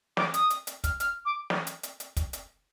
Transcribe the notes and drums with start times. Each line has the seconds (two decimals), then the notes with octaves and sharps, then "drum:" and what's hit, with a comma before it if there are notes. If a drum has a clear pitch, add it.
0.17 D6, drum: snare
0.34 D#6, drum: hi-hat
0.50 drum: hi-hat
0.67 drum: hi-hat
0.84 F6, drum: kick, hi-hat
1.00 F6, drum: hi-hat
1.25 D6
1.50 drum: snare
1.67 drum: hi-hat
1.83 drum: hi-hat
2.00 drum: hi-hat
2.16 drum: kick, hi-hat
2.33 drum: hi-hat